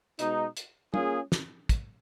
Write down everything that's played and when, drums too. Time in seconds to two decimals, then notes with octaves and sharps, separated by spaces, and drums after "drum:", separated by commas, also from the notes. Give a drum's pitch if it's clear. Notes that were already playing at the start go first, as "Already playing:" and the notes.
0.19 B2 G#3 D#4, drum: hi-hat
0.57 drum: hi-hat
0.94 A#3 C#4 F4 G#4, drum: tom
1.32 drum: snare
1.69 drum: kick, hi-hat